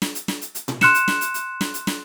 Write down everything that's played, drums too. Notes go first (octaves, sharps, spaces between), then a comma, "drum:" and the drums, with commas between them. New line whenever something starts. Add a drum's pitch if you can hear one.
drum: snare
drum: hi-hat
drum: snare
drum: hi-hat
drum: hi-hat
drum: tom A#2
C6 F6 F#6 C#7 E7, drum: snare
drum: hi-hat
drum: snare
drum: hi-hat
drum: hi-hat
drum: snare
drum: hi-hat
drum: snare